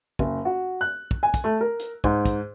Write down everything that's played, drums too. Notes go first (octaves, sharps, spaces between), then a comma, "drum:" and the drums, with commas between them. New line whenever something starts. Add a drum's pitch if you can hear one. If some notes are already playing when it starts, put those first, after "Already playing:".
F#1, drum: kick
F#4
F#6
drum: kick
G#5
drum: kick, hi-hat
A3
A#4
drum: hi-hat
G#2, drum: kick
drum: kick, hi-hat